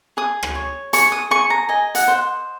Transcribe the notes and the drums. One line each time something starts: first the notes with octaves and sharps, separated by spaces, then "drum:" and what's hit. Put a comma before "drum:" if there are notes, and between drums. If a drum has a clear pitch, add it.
G#4 D#6
drum: rim click
C#5
G#4 C#6, drum: hi-hat
D#6
G#4 C#6
A#5
D#5 G#5
F#5, drum: hi-hat
C5